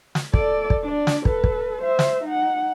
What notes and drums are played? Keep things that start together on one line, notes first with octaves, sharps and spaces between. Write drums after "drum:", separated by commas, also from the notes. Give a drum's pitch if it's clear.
drum: snare
A4 D5, drum: kick
drum: kick
D4 D5
drum: snare
A4 B4, drum: kick
drum: kick
C5 E5
drum: snare
D#4 F#5